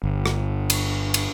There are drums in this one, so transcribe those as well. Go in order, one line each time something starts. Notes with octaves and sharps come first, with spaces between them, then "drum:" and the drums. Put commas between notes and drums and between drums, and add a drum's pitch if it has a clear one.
G1
drum: rim click
drum: cymbal
drum: cymbal